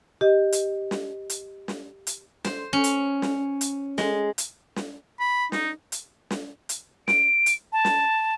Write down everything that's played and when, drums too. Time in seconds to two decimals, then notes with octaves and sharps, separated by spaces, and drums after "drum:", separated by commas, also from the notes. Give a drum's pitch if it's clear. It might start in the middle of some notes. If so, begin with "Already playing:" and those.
0.21 G4 D#5
0.52 drum: hi-hat
0.91 drum: snare
1.30 drum: hi-hat
1.68 drum: snare
2.07 drum: hi-hat
2.45 C5, drum: snare
2.73 C#4
2.84 drum: hi-hat
3.22 drum: snare
3.61 drum: hi-hat
3.98 G#3, drum: snare
4.38 drum: hi-hat
4.76 drum: snare
5.20 B5
5.52 D#4, drum: snare
5.92 drum: hi-hat
6.31 drum: snare
6.69 drum: hi-hat
7.08 D7, drum: snare
7.46 drum: hi-hat
7.73 A5
7.85 drum: snare